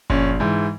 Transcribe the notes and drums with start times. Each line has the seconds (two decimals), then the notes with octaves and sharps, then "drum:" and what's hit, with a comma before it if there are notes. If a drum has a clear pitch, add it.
0.10 A#1 C#4, drum: kick F#1
0.40 G#2 E3